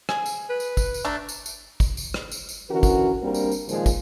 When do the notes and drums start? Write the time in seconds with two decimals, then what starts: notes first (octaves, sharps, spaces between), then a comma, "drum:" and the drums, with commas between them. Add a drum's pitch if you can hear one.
0.09 G#4, drum: rim click
0.26 drum: tambourine
0.50 B4
0.60 drum: tambourine
0.77 drum: kick, tambourine
0.94 drum: tambourine
1.04 A3 D4 A#5
1.29 drum: tambourine
1.46 drum: tambourine
1.80 drum: kick, tambourine
1.97 drum: tambourine
2.14 drum: rim click
2.31 drum: tambourine
2.49 drum: tambourine
2.70 D3 E3 C#4 F#4 A#4
2.83 drum: kick, tambourine
3.22 G3 A#3 C4 D4 A#4
3.34 drum: tambourine
3.52 drum: tambourine
3.69 A#2 D#3 F3 G#3, drum: tambourine
3.86 drum: kick, tambourine